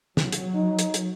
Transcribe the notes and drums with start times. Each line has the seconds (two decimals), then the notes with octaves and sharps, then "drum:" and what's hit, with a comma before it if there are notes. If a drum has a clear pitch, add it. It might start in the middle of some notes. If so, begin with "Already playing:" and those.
0.17 F#3, drum: snare
0.32 drum: hi-hat
0.55 D#4
0.79 drum: hi-hat
0.94 drum: hi-hat